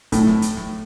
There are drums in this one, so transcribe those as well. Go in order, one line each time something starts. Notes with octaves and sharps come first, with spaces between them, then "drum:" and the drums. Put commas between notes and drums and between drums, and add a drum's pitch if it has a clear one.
A2, drum: kick, hi-hat
drum: snare
drum: hi-hat
drum: snare